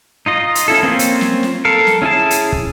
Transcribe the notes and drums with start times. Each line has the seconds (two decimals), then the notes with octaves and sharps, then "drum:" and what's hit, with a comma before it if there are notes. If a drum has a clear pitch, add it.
0.26 D#4 F4 D#5
0.55 drum: hi-hat
0.68 C#4 E4 A4
0.83 A#3 C4 C#4 F4
0.99 drum: hi-hat
1.21 drum: snare
1.43 drum: snare
1.65 A4 A#4 F5
1.87 drum: snare
2.02 C#4 E4 G#4 A5
2.31 drum: hi-hat
2.52 drum: kick